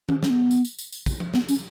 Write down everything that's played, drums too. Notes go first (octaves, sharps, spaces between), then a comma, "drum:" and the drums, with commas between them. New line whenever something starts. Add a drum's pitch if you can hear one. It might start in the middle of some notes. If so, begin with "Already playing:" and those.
C#4, drum: tom D#3
C#4, drum: snare
B3
drum: tambourine
drum: tambourine
drum: tambourine
drum: tambourine
drum: kick, tambourine
drum: tom
B3, drum: snare
C#4, drum: tambourine